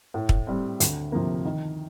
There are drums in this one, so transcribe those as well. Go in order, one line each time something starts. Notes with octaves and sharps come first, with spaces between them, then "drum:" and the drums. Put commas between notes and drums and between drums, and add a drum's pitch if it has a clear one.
A2
drum: kick
G3 C4
D2, drum: hi-hat
C3 F3 A#3
D#3